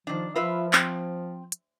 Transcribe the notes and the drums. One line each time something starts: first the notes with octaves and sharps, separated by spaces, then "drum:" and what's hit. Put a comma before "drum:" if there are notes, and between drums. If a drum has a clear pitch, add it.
D#3 F3 D4
F3 F4 B4 E5
C4, drum: clap
drum: hi-hat